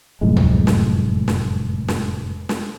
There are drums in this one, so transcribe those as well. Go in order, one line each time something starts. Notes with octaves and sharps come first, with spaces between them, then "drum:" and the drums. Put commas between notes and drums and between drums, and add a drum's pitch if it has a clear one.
F1 F#2 A2 G#3
drum: tom
drum: snare
drum: snare
drum: snare
drum: snare